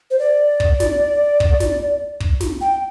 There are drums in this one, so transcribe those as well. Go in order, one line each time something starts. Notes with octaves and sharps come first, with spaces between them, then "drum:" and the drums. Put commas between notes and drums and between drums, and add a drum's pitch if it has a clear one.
C5
D5
drum: kick
drum: snare
drum: kick
drum: snare
drum: kick
drum: snare
G5